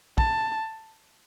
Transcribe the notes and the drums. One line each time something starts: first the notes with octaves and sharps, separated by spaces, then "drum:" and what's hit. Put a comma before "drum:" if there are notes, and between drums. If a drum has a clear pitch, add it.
A5, drum: kick